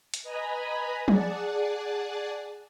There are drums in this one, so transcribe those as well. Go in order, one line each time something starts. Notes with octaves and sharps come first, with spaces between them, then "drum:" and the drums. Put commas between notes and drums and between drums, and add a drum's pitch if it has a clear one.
drum: hi-hat
B4 D#5 G#5 A#5 B5
G#4 D5 F#5 A5, drum: tom F3